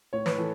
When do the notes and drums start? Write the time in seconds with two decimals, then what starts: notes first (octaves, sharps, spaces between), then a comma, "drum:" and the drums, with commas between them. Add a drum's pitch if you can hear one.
0.13 A2 C#5
0.26 B4, drum: snare
0.38 E3 A4